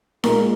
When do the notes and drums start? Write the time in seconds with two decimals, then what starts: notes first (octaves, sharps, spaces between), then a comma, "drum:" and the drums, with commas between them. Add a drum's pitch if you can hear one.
0.24 A#2 G#3 A#4, drum: snare D#4